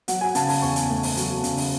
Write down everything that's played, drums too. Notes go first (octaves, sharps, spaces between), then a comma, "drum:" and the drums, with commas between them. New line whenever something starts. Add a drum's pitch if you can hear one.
F#3 F#5, drum: hi-hat
G#5
C#3 A5, drum: hi-hat
A5, drum: open hi-hat
E2 C#6
drum: hi-hat
A3
drum: open hi-hat
F#3, drum: hi-hat
C#3, drum: hi-hat
drum: open hi-hat